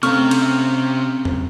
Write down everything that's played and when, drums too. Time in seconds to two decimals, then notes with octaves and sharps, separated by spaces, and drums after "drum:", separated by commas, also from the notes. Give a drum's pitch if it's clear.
0.03 C3 A3 C4 C#4 F5 A#5 C#6 F6, drum: hi-hat
0.31 drum: cymbal
1.25 drum: tom E2